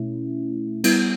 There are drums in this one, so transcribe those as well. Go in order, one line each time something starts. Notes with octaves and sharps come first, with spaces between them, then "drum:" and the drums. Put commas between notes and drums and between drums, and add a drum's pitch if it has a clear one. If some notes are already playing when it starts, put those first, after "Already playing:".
Already playing: B2 A3 C#4 E4
G3 B3 E4, drum: cymbal